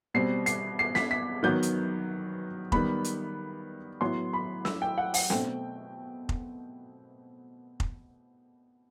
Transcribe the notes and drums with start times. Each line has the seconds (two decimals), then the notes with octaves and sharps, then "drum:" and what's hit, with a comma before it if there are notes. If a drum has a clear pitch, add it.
0.14 B2 G3 C4 C7
0.46 C7, drum: hi-hat
0.79 C7
0.95 B6, drum: snare
1.11 B6
1.43 D#3 F#3 B3 G6
1.63 drum: hi-hat
2.72 D#3 G3 B3 B5, drum: kick F1
3.04 drum: hi-hat
4.01 A2 F#3 B3 C6
4.33 B5
4.65 E6, drum: snare
4.82 G5
4.98 F#5
5.14 F#5, drum: open hi-hat
5.30 B2 A3 C4 G5, drum: snare
6.29 drum: kick F1
7.80 drum: kick F1